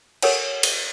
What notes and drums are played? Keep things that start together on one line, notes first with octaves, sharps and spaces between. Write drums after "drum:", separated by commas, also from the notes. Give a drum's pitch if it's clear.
G4 A4 A#4 C#5 F#5 G#5, drum: cymbal
drum: cymbal